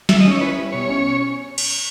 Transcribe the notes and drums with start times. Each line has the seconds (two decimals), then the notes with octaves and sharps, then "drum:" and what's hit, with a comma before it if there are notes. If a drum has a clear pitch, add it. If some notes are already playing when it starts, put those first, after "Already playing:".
0.09 D#3 E5, drum: snare
0.20 D#5
0.25 C#4
0.31 C#5
0.41 E4 B4
0.57 G3
0.73 B2 C#5
0.89 C#4
1.58 drum: cymbal